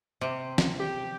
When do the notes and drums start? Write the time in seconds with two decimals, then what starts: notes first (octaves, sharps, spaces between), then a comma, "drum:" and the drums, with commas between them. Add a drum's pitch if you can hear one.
0.21 C3
0.58 drum: snare
0.80 G4